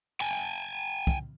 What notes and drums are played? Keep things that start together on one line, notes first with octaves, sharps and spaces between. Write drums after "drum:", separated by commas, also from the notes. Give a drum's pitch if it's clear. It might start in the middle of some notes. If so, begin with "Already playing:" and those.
G5 G#5
drum: kick